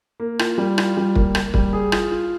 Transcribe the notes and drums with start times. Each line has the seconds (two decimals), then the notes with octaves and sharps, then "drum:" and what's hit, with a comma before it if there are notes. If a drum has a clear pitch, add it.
0.20 A#3
0.39 F4, drum: rim click
0.58 G3
0.78 F4, drum: rim click
0.97 G3
1.15 A#3, drum: kick
1.35 A#3, drum: rim click
1.54 G3, drum: kick
1.73 G#4
1.92 F4, drum: rim click
2.11 F4